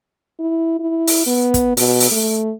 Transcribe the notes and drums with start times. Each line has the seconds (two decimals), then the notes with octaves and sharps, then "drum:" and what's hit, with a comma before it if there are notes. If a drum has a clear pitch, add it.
0.40 E4
0.80 E4
1.07 drum: open hi-hat
1.27 B3
1.54 drum: kick, hi-hat
1.77 B2, drum: open hi-hat
2.00 drum: open hi-hat
2.11 A3